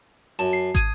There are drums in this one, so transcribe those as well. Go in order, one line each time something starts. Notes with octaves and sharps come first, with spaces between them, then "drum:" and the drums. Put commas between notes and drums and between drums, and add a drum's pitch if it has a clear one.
F#2 A5
C7
D#6 G#6 D#7, drum: kick, hi-hat